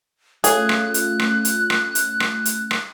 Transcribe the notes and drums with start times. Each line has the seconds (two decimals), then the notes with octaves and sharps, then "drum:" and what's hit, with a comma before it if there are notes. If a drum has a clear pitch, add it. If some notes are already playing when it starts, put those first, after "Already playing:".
0.44 A3 C#4 F4 G#4 F#6, drum: hi-hat
0.69 drum: rim click
0.94 drum: hi-hat
1.19 drum: rim click
1.45 drum: hi-hat
1.70 drum: rim click
1.95 drum: hi-hat
2.20 drum: rim click
2.45 drum: hi-hat
2.71 drum: rim click